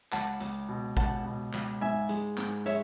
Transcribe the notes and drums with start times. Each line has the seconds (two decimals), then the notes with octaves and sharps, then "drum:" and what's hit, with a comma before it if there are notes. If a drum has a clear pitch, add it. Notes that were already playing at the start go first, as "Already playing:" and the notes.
0.12 C#2 F#5 A5, drum: clap
0.40 C#2, drum: hi-hat
0.69 B2
0.97 C#2 F#5 A5, drum: kick, hi-hat
1.25 B2
1.53 C#2, drum: clap
1.81 G#2 E5 G#5
2.09 G#3, drum: hi-hat
2.38 G#2, drum: clap
2.66 G#3 C#5 E5, drum: hi-hat